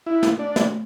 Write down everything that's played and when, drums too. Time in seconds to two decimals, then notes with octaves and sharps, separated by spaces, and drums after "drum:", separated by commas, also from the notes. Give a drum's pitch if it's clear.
0.06 E4
0.23 drum: snare
0.39 D4
0.56 drum: snare